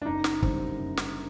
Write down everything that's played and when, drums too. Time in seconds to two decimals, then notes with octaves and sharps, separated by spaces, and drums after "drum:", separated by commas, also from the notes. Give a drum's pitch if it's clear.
0.02 D4
0.05 F#1 D#4
0.24 drum: snare
0.42 F#2 D3 G3 C4, drum: kick
0.79 F#1
0.97 drum: snare